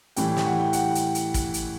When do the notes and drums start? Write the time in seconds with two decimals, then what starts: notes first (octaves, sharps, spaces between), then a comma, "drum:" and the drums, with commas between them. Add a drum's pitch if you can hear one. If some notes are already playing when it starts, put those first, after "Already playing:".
0.16 A2 E3 G3 G5, drum: hi-hat
0.37 drum: snare
0.46 F#5
0.60 G5
0.73 F#5, drum: hi-hat
0.95 drum: hi-hat
1.15 drum: hi-hat
1.34 drum: kick, hi-hat
1.54 drum: hi-hat